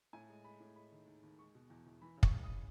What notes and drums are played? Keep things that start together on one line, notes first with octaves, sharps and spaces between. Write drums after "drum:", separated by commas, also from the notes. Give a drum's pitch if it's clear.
A2 G#5
G#3
G#3 B5
A2
G#3 B5
D#3
D#2
D#2
G#3 C#6
B2
E2
E2
E3 B5
C#3
C#6, drum: kick
G#3
D#6